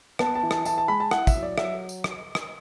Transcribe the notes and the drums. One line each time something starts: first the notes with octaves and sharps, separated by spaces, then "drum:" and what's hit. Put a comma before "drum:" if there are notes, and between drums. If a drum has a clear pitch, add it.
B3 A5, drum: rim click
A5
E3
A5, drum: rim click
E3 A5, drum: tambourine
A5
G#3 B5
A5
E4 F#5, drum: rim click
E5, drum: kick, tambourine
F#3
D5
F#3 E5, drum: rim click
drum: tambourine
drum: rim click
drum: rim click